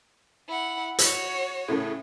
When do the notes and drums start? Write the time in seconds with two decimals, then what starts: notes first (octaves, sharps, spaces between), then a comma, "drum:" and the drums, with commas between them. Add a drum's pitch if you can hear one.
0.48 E4 F#5
0.99 F#4 C#5, drum: hi-hat
1.68 A2 C#3 A3